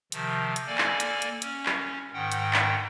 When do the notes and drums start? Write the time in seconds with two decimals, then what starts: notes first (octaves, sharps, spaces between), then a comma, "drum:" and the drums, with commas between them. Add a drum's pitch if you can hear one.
0.12 C3 D#3 F3, drum: hi-hat
0.56 drum: hi-hat
0.66 A#3 A4 D5 G#5
0.78 drum: clap
1.00 drum: hi-hat
1.22 drum: hi-hat
1.42 C#4, drum: hi-hat
1.66 drum: clap
2.14 G#2 D#3 F#5 G5
2.32 drum: hi-hat
2.53 drum: clap